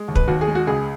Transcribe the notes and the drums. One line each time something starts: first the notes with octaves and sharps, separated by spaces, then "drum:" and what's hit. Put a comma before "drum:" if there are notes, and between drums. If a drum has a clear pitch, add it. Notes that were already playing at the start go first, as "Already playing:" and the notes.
Already playing: G#3
D#2
B4, drum: kick
D#2 F#4
G#4
G#3
F#4
C#2 G#4